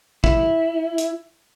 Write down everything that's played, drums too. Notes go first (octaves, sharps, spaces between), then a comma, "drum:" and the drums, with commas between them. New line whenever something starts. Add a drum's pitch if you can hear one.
E4, drum: kick
drum: hi-hat